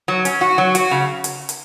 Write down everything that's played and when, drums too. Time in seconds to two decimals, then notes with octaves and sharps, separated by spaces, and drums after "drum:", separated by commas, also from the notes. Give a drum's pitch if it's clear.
0.08 F#3
0.25 C#4, drum: hi-hat
0.41 F#4
0.58 F#3
0.75 F#4, drum: hi-hat
0.91 C#3
1.24 drum: hi-hat
1.49 drum: hi-hat